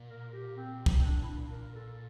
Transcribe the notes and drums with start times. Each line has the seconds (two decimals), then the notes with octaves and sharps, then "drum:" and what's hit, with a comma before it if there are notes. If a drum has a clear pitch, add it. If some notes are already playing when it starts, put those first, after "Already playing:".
Already playing: A#2
0.09 A#4
0.33 G4
0.56 C4
0.86 drum: kick
0.99 C4
1.04 D4
1.23 E4
1.27 D4
1.51 A#4
1.75 A4